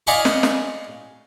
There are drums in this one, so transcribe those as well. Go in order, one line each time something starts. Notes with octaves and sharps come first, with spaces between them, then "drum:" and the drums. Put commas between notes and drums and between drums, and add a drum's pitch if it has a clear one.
D5 D#5 F5 G#5 B5 C#6
drum: snare
drum: snare